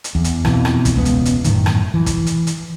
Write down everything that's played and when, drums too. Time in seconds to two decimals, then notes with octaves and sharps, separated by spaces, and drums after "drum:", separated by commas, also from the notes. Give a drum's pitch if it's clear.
0.04 drum: hi-hat
0.15 E2
0.24 drum: hi-hat
0.45 F2 B2 E3, drum: rim click
0.65 drum: rim click
0.85 drum: kick, hi-hat
0.95 E1 C#2 B3
1.05 drum: hi-hat
1.25 drum: hi-hat
1.44 F#2 A2 D#3, drum: hi-hat
1.66 drum: rim click
1.94 E3
2.06 drum: kick, hi-hat
2.27 drum: hi-hat
2.47 drum: hi-hat